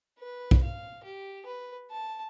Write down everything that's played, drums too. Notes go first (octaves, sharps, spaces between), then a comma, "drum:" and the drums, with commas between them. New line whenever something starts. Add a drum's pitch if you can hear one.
B4
drum: kick B1
F5
G4
B4
A5